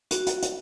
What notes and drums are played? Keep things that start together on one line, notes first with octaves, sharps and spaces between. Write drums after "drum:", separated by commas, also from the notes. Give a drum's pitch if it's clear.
F#4, drum: hi-hat
drum: hi-hat
drum: hi-hat